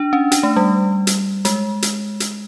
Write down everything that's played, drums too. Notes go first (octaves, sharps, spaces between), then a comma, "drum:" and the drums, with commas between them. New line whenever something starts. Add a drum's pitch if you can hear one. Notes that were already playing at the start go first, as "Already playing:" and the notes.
Already playing: D4
C#4
D4, drum: hi-hat
A3
G3
drum: hi-hat
G#3, drum: hi-hat
drum: hi-hat
drum: hi-hat